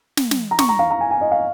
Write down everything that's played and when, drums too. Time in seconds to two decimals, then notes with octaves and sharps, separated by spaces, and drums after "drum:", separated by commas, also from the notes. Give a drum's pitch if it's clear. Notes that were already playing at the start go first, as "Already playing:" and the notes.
0.17 drum: snare
0.31 drum: snare
0.51 A#5
0.59 C#6, drum: snare
0.69 A#5
0.79 F5
0.91 A#5
1.01 G#5
1.11 G#5
1.21 D#5
1.31 F5